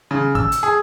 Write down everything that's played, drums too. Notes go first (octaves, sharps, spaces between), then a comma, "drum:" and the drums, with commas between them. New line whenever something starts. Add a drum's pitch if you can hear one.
C#3
E6, drum: kick
drum: hi-hat
G#4